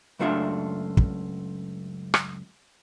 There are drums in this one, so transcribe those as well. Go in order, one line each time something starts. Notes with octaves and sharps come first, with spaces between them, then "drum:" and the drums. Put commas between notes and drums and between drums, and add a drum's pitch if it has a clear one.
C#2 F#2 A3 D4 F4 E5
drum: kick
drum: rim click